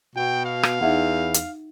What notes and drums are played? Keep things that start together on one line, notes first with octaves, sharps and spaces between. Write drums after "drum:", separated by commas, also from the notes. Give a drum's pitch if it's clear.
B2 F#4 F#5 G5
F5
drum: rim click
E2 D#4 E5 F#5
drum: hi-hat